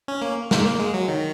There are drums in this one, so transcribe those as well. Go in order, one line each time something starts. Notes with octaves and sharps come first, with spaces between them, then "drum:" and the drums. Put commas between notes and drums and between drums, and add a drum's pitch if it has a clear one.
C#4
A#3
A#3, drum: snare
A#3
G#3
F#3
D#3